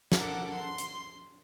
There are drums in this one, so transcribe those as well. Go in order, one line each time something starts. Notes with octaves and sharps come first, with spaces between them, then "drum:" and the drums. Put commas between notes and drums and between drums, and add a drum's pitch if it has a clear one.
A4 A#4 F#5 D6, drum: snare
C6
drum: hi-hat